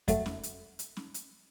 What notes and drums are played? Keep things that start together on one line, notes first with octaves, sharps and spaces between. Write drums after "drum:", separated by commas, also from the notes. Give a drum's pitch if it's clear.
F#3 A3, drum: kick F2, hi-hat
drum: snare C#4
drum: hi-hat
drum: hi-hat
drum: snare C#4
drum: hi-hat